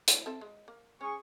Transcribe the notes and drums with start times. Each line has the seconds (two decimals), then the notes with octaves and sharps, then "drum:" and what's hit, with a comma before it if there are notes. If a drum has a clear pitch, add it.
0.08 A3 E4 B4, drum: hi-hat
0.26 C4 A4 E5
0.41 G#3
0.68 A#3
1.01 C#4 G#4 C#6